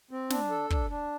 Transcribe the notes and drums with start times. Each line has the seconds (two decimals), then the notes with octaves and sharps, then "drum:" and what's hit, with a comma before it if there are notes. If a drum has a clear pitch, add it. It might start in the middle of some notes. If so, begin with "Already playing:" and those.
0.11 C4
0.30 D4, drum: snare
0.50 A4
0.70 D4, drum: kick
0.90 D4